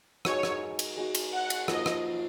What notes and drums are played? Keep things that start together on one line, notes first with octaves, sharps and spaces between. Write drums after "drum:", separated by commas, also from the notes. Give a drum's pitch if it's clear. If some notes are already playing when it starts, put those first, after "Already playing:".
G#3 D#4 F#4 C#5, drum: rim click
drum: rim click
drum: cymbal
G#3 D#4 F#4
drum: cymbal
F#5
drum: cymbal
F3 A#3 D#4 D#5, drum: rim click
drum: rim click